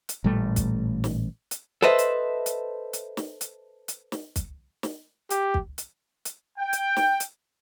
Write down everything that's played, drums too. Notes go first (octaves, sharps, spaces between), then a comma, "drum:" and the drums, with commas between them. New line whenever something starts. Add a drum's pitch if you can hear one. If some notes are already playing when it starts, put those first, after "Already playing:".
drum: hi-hat
A1 A#2 G3 A3
drum: kick, hi-hat
drum: snare
drum: hi-hat
A4 B4 C5 D#5 E5
drum: hi-hat
drum: hi-hat
drum: hi-hat
drum: snare
drum: hi-hat
drum: hi-hat
drum: snare
drum: kick, hi-hat
drum: snare
G4, drum: hi-hat
drum: kick
drum: hi-hat
drum: hi-hat
G5
drum: hi-hat
drum: snare
drum: hi-hat